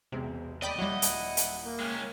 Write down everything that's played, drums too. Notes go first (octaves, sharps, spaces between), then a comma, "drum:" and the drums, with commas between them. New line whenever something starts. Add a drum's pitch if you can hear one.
E1 B1 C3 G#3
D#1 D5 D#5 G5 B5 D6
F#3 G3 E4 F#5
drum: hi-hat
drum: hi-hat
A#3
G#3 C#4 G5 F6 F#6